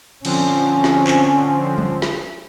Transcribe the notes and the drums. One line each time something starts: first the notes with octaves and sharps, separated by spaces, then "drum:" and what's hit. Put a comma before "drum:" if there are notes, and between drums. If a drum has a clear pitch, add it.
D3 F3 C4 C#4, drum: cymbal
drum: snare
drum: clap
drum: tom F#3
drum: snare